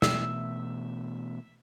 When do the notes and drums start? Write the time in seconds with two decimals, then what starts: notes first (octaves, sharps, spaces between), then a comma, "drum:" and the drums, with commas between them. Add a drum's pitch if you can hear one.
0.02 B2 E3 A3 E5, drum: snare